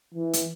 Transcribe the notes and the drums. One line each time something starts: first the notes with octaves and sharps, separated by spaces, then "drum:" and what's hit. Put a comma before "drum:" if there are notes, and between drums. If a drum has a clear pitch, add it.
E3
drum: hi-hat